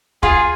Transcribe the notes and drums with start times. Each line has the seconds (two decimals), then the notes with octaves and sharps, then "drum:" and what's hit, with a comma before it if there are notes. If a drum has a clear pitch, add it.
0.23 F4 G#4, drum: kick